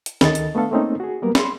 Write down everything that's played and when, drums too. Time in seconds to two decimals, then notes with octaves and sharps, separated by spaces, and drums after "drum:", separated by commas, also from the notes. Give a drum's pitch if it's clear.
0.06 drum: hi-hat
0.21 D2 D#3 A4 D#5 A6, drum: snare
0.35 drum: hi-hat
0.55 A3 B3 D4 A4 F5
0.71 A3 A#3 C4 C#4 D#4
1.00 F#4 G#4
1.22 F#3 G3 A#3 B3 A#4
1.35 B5 C6, drum: snare